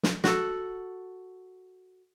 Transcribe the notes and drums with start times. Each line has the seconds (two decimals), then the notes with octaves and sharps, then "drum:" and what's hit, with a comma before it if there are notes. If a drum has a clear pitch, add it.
0.03 drum: snare
0.24 F#4 A4, drum: snare